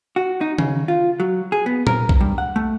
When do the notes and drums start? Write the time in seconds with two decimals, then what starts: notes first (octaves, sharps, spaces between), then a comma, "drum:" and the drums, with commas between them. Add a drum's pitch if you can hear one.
0.16 F#4
0.41 D#4
0.58 C#3, drum: tom D#3
0.88 F4
1.20 F#3
1.52 G#4
1.66 B3
1.87 A#4, drum: tom A#2
2.09 drum: kick B1
2.21 G2
2.38 F#5
2.56 A3